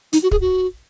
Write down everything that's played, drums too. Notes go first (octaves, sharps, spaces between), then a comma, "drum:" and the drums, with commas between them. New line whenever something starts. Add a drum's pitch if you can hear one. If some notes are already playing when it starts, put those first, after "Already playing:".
D#4, drum: hi-hat
F#4
G#4, drum: kick
F#4